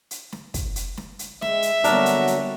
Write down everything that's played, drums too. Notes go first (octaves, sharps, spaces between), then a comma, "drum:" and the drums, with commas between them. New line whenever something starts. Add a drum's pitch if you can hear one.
drum: hi-hat
drum: snare
drum: kick, hi-hat
drum: hi-hat
drum: snare
drum: hi-hat
G#3 E5, drum: snare
drum: hi-hat
D3 F#3 G3 A#3 B3 D4 F#4 A#4, drum: hi-hat
drum: hi-hat
drum: hi-hat